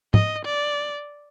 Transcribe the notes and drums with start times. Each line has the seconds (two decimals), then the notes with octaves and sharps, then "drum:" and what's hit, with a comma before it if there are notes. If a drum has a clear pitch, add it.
0.14 D#5, drum: tom
0.46 D5